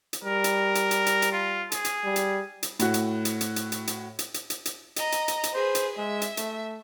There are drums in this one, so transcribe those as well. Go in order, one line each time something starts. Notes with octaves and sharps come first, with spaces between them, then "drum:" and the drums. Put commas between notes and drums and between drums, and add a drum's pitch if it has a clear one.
drum: hi-hat
G3 A#4
drum: hi-hat
drum: hi-hat
drum: hi-hat
drum: hi-hat
drum: hi-hat
F4
G#4, drum: hi-hat
drum: hi-hat
G3
drum: hi-hat
drum: hi-hat
A2 F#4, drum: hi-hat
drum: hi-hat
drum: hi-hat
drum: hi-hat
drum: hi-hat
drum: hi-hat
drum: hi-hat
drum: hi-hat
drum: hi-hat
drum: hi-hat
drum: hi-hat
D#5 A#5, drum: hi-hat
drum: hi-hat
drum: hi-hat
drum: hi-hat
G#4 B4 C5
drum: hi-hat
G#3 E5
drum: hi-hat
A3, drum: hi-hat